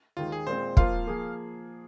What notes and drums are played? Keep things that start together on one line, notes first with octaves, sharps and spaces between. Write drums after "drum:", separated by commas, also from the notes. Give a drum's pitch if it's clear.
D#2 D#3 G#3 F4
G#4
A#2 G#3 C4 C5
F3 A#3 F4 C5 F5, drum: kick
F3 A#3 G#4